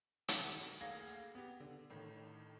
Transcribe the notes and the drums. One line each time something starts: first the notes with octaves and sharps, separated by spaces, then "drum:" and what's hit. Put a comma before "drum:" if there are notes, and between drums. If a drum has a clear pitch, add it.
drum: hi-hat
F1 D#3 F#4
D2 A#3 G#4 F5 G#6 A#6
B3 G4
D3
A1 A2 D#3